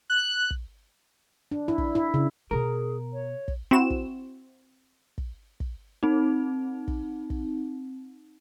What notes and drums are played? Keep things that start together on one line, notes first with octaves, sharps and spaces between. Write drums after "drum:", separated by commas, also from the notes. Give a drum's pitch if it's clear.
F#6
drum: kick
D4
E4
drum: kick
E4
C#3
B2 B3 G#4 A#4
C#5
drum: kick
C4 E4 F#4 E7
drum: kick
drum: kick
drum: kick
C4 D#4
drum: kick
drum: kick